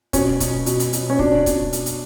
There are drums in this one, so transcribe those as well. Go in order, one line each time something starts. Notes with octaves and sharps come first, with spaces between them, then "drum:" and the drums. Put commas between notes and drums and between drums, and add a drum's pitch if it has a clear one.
B2 C#4, drum: kick, hi-hat
B2, drum: kick, hi-hat
B2, drum: hi-hat
drum: hi-hat
B2, drum: hi-hat
C#4
B2 D4, drum: kick
B2, drum: kick, hi-hat
drum: hi-hat
drum: hi-hat